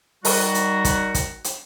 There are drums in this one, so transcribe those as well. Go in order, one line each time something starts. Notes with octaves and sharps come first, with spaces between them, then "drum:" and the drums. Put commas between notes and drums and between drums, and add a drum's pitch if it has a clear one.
D#3 G3 F#4, drum: open hi-hat
drum: hi-hat
drum: kick, hi-hat
drum: kick, hi-hat
drum: hi-hat